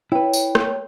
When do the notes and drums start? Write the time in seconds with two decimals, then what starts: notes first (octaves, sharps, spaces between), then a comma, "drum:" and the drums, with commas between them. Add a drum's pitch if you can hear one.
0.12 E4 B4 C#5 G5
0.33 drum: tambourine
0.55 drum: rim click